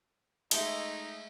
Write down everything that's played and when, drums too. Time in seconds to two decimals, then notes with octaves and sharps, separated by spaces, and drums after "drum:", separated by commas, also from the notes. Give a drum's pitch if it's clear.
0.51 G#3 A3 D#4, drum: cymbal